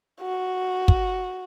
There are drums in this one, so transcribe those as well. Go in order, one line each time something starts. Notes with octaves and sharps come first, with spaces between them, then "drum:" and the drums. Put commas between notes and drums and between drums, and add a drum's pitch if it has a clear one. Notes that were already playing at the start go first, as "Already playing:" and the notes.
F#4
drum: kick